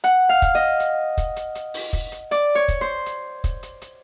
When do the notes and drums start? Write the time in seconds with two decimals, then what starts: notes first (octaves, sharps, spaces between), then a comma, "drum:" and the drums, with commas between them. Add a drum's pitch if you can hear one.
0.04 F#5, drum: hi-hat
0.29 F5
0.42 drum: kick, hi-hat
0.55 D#5
0.80 drum: hi-hat
1.17 drum: kick, hi-hat
1.36 drum: hi-hat
1.55 drum: hi-hat
1.74 drum: open hi-hat
1.93 drum: kick, hi-hat
2.12 drum: hi-hat
2.31 D5, drum: hi-hat
2.55 C#5
2.68 drum: kick, hi-hat
2.81 C5
3.06 drum: hi-hat
3.44 drum: kick, hi-hat
3.63 drum: hi-hat
3.82 drum: hi-hat